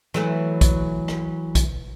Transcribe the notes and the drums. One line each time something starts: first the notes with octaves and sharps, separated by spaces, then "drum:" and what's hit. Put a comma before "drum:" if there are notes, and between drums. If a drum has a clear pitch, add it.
E3 F#3 A3, drum: rim click
drum: kick B1, hi-hat
drum: rim click
drum: kick B1, hi-hat